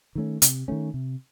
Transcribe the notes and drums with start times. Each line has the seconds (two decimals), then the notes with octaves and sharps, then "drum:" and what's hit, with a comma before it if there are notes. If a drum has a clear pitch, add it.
0.15 D#3 A3 C#4
0.42 C3, drum: hi-hat
0.68 D#3 A3 C#4
0.94 C3